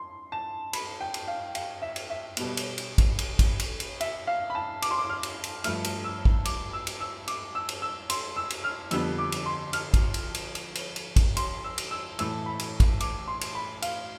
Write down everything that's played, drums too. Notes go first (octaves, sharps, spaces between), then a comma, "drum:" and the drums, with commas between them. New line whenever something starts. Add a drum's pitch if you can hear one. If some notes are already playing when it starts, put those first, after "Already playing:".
Already playing: C6
A5
B5, drum: cymbal
G5
drum: cymbal
F5
F5, drum: cymbal
E5
drum: cymbal
E5
B2 G3 B3, drum: cymbal
drum: cymbal
drum: cymbal
drum: kick, cymbal
drum: cymbal
drum: kick, cymbal
drum: cymbal
drum: cymbal
E5, drum: cymbal
F5
B5
A5
D6, drum: cymbal
C6
D6
F6
drum: cymbal
drum: cymbal
G2 F3 A3 F6, drum: cymbal
drum: cymbal
E6
drum: kick
D6, drum: cymbal
E6
drum: cymbal
E6
D6, drum: cymbal
E6
drum: cymbal
E6
C6, drum: cymbal
E6
drum: cymbal
F6
F2 D3 G3 B3 E6, drum: cymbal
D6
drum: cymbal
C6
F6, drum: cymbal
drum: kick, cymbal
drum: cymbal
drum: cymbal
drum: cymbal
drum: cymbal
drum: cymbal
drum: kick, cymbal
C6, drum: cymbal
E6
drum: cymbal
E6
A2 E3 A3 E6, drum: cymbal
B5
drum: cymbal
drum: kick, cymbal
D6, drum: cymbal
C6
drum: cymbal
B5
F5, drum: cymbal